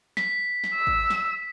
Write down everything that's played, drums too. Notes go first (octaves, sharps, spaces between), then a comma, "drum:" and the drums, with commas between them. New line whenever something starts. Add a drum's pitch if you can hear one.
B6, drum: snare
drum: snare
E6
drum: kick G#1
drum: snare